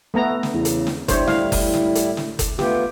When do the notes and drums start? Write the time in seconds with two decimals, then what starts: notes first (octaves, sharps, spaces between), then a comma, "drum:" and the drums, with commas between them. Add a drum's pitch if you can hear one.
0.14 A3 B3 A#5
0.43 drum: snare
0.54 E2 C#3
0.65 drum: hi-hat
0.87 drum: snare
1.08 G2 G3 E4 C5 C#5, drum: kick F#1, hi-hat
1.27 A2 F5, drum: snare
1.52 drum: kick F#1, open hi-hat
1.74 drum: snare
1.95 drum: hi-hat
2.17 drum: snare
2.39 drum: kick F#1, hi-hat
2.59 A3 B3 F4 G4, drum: snare